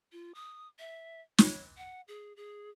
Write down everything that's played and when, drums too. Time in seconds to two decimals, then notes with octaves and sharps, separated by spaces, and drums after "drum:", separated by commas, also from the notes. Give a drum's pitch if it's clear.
0.12 F4
0.35 D#6
0.79 E5
1.38 C#5, drum: snare
1.77 F#5
2.08 G#4
2.36 G#4